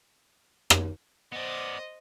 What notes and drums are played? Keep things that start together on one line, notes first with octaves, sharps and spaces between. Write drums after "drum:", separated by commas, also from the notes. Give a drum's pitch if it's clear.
drum: rim click
B3 C5 D5 D#5